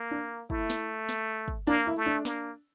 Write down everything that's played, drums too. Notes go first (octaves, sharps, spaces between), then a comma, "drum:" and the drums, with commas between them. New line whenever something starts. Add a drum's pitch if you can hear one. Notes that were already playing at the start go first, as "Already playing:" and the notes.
Already playing: A#3
D4
A3 E4, drum: kick
drum: snare
drum: snare
drum: kick
A#3 D4
E4
A3
D4
A#3, drum: snare